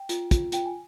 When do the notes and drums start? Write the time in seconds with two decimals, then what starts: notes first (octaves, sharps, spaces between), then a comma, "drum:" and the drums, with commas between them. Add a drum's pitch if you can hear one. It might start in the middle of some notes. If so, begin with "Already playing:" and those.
Already playing: G5
0.09 F4, drum: hi-hat
0.31 F4, drum: kick, hi-hat
0.52 F4 G5, drum: hi-hat
0.66 G#5